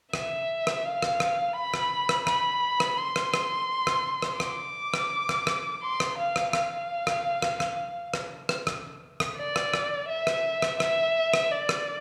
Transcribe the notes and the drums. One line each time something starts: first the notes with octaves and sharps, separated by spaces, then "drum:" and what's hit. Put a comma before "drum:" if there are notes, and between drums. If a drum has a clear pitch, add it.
E5, drum: rim click
drum: rim click
F5
drum: rim click
drum: rim click
B5
drum: rim click
drum: rim click
B5, drum: rim click
drum: rim click
C6
drum: rim click
drum: rim click
drum: rim click
drum: rim click
D6, drum: rim click
drum: rim click
drum: rim click
drum: rim click
C6
drum: rim click
F5
drum: rim click
F5, drum: rim click
drum: rim click
drum: rim click
drum: rim click
drum: rim click
drum: rim click
drum: rim click
drum: rim click
D5
drum: rim click
drum: rim click
E5
drum: rim click
drum: rim click
E5, drum: rim click
drum: rim click
D5
drum: rim click